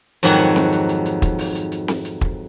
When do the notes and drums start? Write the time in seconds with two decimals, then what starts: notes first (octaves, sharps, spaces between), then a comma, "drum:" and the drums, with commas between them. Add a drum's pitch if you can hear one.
0.23 F2 G#2 D#3 F#3 F#5 G#5, drum: hi-hat
0.56 drum: snare C4
0.72 drum: hi-hat
0.89 drum: hi-hat
1.06 drum: hi-hat
1.22 drum: kick, hi-hat
1.39 drum: open hi-hat
1.55 drum: hi-hat
1.72 drum: hi-hat
1.88 drum: snare C4
2.05 drum: hi-hat
2.21 drum: kick